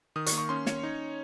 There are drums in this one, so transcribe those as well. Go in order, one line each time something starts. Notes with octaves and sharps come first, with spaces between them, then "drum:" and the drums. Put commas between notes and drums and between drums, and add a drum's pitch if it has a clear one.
D#3 D#6
C#6, drum: hi-hat
A#3
C#6
C#4 C6
C#4 C#5, drum: snare
D#4